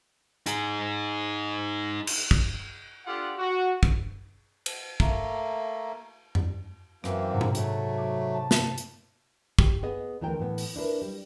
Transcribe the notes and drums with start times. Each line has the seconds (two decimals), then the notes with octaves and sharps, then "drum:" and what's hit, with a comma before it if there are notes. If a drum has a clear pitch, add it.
0.46 D#4 G#4, drum: hi-hat
2.07 drum: cymbal
2.31 drum: kick
3.06 D4 F4 G4 A4 F#5
3.38 F#4
3.83 drum: kick
4.66 drum: cymbal
5.00 A3 A#3, drum: kick
6.35 drum: tom F2
7.04 F#2 E3 A#3 C4, drum: rim click
7.31 G#2 C3 F#5
7.41 drum: tom A#2
7.55 F#3 A3, drum: hi-hat
7.97 D6
8.34 A5
8.51 drum: snare
8.78 drum: hi-hat
9.59 G4, drum: kick
9.83 B3 G#4 D#5
10.21 D2 E3 A3 A#4 G5
10.40 A2 E3 B3
10.58 drum: open hi-hat
10.76 D4 E4 A#4 B4
11.02 G3